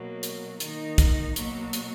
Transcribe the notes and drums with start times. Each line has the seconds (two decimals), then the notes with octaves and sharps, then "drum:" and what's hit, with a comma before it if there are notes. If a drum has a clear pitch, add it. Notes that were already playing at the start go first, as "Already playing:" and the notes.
Already playing: B2 F#3 A#3
0.23 drum: hi-hat
0.60 D#3 A#3 D#4, drum: hi-hat
0.98 drum: kick, hi-hat
1.36 B2 F#3 A#3, drum: hi-hat
1.73 drum: hi-hat